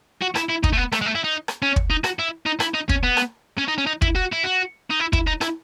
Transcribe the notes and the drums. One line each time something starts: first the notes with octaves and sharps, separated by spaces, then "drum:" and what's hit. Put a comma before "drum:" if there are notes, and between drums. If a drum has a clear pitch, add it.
F#4
E4, drum: rim click
E4
D#4, drum: kick
A3
B3
A3, drum: rim click
G#3
A3
E4
D#4
drum: rim click
C#4
drum: kick
D#4
F#4, drum: rim click
E4
D#4
E4, drum: rim click
D#4
C#4, drum: kick
B3
drum: rim click
C#4
D#4
C#4
D#4
E4, drum: kick
F#4
E4
F#4
D#4
E4
E4, drum: kick
D#4
E4, drum: rim click